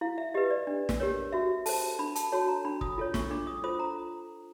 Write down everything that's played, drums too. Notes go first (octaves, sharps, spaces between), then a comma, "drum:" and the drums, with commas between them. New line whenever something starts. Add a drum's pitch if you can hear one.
E4 F5
E5
G4 B4 D#5
D5
D4
drum: snare
G4 A#4 C#5
F#4 E5
A4 C5 A5, drum: open hi-hat
D4 B5
A5, drum: hi-hat
F#4 A4 C#5 A5
A#5
D4 B5
D#6, drum: kick
F4 A4 C#5
C#6, drum: snare
D4 D6
D#6
F4 A4 C5 D#6
A#5